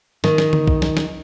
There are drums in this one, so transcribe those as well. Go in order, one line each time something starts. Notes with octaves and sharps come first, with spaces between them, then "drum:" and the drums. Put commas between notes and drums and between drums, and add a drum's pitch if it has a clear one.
D#3, drum: snare
drum: snare
drum: tom D3
drum: kick
drum: snare
drum: snare